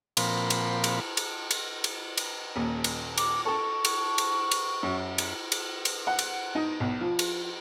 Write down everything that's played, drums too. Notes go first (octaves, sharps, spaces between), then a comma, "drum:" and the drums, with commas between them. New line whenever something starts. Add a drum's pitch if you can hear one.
A#2 F3 C4 B5, drum: cymbal
drum: cymbal
drum: cymbal
drum: cymbal
drum: cymbal
drum: cymbal
drum: cymbal
D#1 D#2
drum: cymbal
D6, drum: cymbal
A4 A5 C#6
drum: cymbal
drum: cymbal
drum: cymbal
F#2
drum: cymbal
drum: cymbal
drum: cymbal
F#5
drum: cymbal
D#4
B1
F3
drum: cymbal